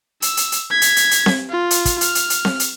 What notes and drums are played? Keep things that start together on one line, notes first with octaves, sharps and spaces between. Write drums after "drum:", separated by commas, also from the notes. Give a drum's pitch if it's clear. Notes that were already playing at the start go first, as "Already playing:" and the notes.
E6, drum: hi-hat
drum: hi-hat
drum: hi-hat
G#6 B6
drum: hi-hat
drum: hi-hat
drum: hi-hat
drum: snare C4
F4
drum: hi-hat
drum: kick, hi-hat
F6, drum: hi-hat
drum: hi-hat
drum: hi-hat
drum: snare C4
drum: hi-hat